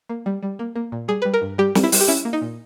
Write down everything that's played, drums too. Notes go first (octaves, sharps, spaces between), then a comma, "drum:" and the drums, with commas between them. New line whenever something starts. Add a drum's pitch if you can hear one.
A#3
G3
G3
A#3
A#3
A#2
G3 G#4
G3 B4
A#4
G2
G3 G4
G3, drum: snare
E4
G3, drum: open hi-hat
G4
C#4 E4
A#3
D#4
A#2